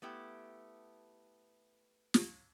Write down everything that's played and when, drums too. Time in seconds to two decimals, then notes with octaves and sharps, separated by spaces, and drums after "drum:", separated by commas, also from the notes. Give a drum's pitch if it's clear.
0.02 A3 B3 E4 G4
2.14 drum: snare